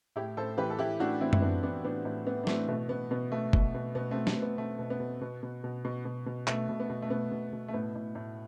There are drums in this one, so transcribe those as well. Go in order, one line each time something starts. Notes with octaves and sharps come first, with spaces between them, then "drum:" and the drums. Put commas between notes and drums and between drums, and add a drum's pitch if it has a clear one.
A2 E4 G4
A2 A4 C5
E3 G4 B4
A4
E3 E4 G4
A2 D4 F#4
E3 C4 E4
E4, drum: tom F#2
A2 B3 D4
E3 B3 D4
A2 B3 D4
A2 B3
E3 B3
D4
E3 A3 C4, drum: snare
B2 A3
B2 B3
B2 B3
B2 A3
B2, drum: kick
B2
B2 B3
A3 C4
B2
A3, drum: snare
B2
B3
B2 A3
B2
B3
B2
B2
B2
B2
B2
B2
B2
B2 A3, drum: clap
B2
B3
B2
A3
B2 B3
B2
B2
A3
A2 B3
A2
A2